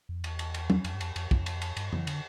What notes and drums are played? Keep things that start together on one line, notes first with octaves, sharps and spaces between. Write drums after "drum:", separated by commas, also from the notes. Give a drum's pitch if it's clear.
F2
E2, drum: cymbal
drum: cymbal
drum: cymbal
drum: tom
F2, drum: cymbal
G2
F2, drum: cymbal
F2, drum: cymbal
F2, drum: kick
drum: cymbal
drum: cymbal
G2, drum: cymbal
E3, drum: tom F2
D3, drum: cymbal